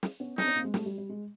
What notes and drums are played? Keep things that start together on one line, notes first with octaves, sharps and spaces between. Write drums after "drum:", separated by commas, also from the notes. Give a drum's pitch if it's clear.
drum: snare
B3 C#4
C4 D4 D#4, drum: snare
B3 C#4
A#3 C4
G#3
G3 A3, drum: snare
G3
G3
G#3